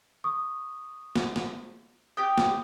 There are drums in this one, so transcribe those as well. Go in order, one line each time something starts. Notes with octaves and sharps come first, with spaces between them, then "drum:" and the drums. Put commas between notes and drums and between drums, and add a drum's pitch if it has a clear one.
C#6 D#6
drum: snare
drum: snare
G4 G5 D#6
drum: snare